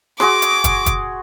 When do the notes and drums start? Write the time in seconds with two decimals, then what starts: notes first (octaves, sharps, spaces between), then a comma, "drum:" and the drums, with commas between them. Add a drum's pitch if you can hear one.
0.20 F#4 G#4 C6 D6, drum: rim click
0.42 drum: hi-hat
0.64 drum: kick, hi-hat
0.86 drum: kick, hi-hat